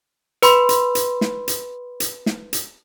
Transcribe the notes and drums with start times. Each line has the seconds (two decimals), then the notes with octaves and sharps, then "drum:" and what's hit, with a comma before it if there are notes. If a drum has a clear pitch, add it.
0.43 B4 B5 C6, drum: hi-hat
0.69 drum: hi-hat
0.95 drum: hi-hat
1.21 drum: snare
1.48 drum: hi-hat
2.00 drum: hi-hat
2.26 drum: snare
2.53 drum: hi-hat